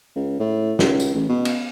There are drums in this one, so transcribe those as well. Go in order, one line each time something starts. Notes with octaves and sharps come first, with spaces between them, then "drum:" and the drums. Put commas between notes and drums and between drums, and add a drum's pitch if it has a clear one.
C#2
A2
C#2, drum: snare
drum: tambourine
A1
B2
drum: cymbal